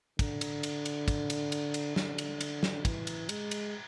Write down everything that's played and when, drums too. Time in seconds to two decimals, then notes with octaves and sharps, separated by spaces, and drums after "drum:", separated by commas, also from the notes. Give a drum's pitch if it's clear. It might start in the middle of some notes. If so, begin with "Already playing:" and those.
0.19 D3, drum: kick, cymbal
0.41 drum: cymbal
0.63 drum: cymbal
0.85 drum: cymbal
1.08 drum: kick, cymbal
1.30 drum: cymbal
1.52 drum: cymbal
1.74 drum: cymbal
1.96 D3, drum: snare
2.18 drum: cymbal
2.41 drum: cymbal
2.63 drum: snare
2.85 E3, drum: kick, cymbal
3.07 drum: cymbal
3.29 G#3, drum: cymbal
3.51 drum: cymbal